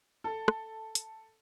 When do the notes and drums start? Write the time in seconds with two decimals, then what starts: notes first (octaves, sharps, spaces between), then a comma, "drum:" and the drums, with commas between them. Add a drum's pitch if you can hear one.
0.24 A4
0.48 drum: rim click
0.95 drum: hi-hat